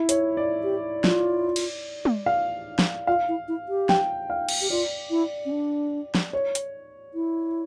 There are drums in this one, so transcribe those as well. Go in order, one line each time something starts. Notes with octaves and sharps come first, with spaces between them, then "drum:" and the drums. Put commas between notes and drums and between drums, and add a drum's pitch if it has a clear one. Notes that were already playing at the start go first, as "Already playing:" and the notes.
Already playing: E4
C#5, drum: hi-hat
D5
G4
F4, drum: snare
drum: cymbal
drum: tom
F5
drum: snare
F4 F5
E4
E4
G4
G5, drum: snare
F5
drum: cymbal
G4
F4 D5
E4
C#4
D4
drum: snare
C#5
drum: hi-hat
E4